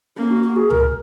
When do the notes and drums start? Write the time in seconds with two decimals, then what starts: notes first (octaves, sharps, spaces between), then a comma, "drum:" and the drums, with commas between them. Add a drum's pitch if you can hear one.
0.18 A#3 C#4
0.31 F#4
0.44 F#4
0.56 G#4
0.70 A#4, drum: tom C#2